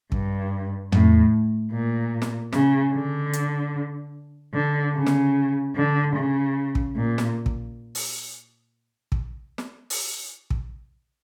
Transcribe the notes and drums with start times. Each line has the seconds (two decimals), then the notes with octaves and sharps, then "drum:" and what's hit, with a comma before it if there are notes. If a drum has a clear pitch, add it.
0.12 G2, drum: kick
0.92 A2, drum: tom
1.72 A#2
2.22 drum: snare
2.52 C#3, drum: snare
2.94 D3
3.33 drum: hi-hat
4.54 D3
4.95 C#3
5.06 drum: snare
5.76 D3
6.16 C#3
6.75 drum: kick
6.96 A#2
7.18 drum: snare
7.46 drum: kick
7.95 drum: open hi-hat
9.12 drum: kick
9.58 drum: snare
9.90 drum: open hi-hat
10.50 drum: kick